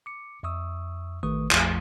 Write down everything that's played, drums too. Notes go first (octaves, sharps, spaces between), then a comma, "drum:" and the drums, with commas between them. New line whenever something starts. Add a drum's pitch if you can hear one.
D6 C#7
F2 E5 C#6 D#6 E6
A1 D#3 A3 B4 C#6 D#6
A#1 F2 F3 A3, drum: clap